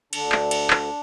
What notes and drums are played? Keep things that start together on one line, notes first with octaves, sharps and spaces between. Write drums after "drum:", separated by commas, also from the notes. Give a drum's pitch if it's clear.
D2 D3 D4, drum: cymbal
drum: clap
drum: cymbal
drum: clap